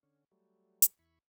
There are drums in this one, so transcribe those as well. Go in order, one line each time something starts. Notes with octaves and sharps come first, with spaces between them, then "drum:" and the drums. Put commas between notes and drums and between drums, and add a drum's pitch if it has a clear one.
D3 C#4
F#3 G3 A3
drum: hi-hat
E2 E4 B5 C#6